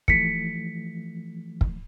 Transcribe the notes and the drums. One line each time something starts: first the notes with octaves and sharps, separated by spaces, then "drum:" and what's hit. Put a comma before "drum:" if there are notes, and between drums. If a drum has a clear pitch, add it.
E3 F3 A3 B6 C#7, drum: kick
drum: kick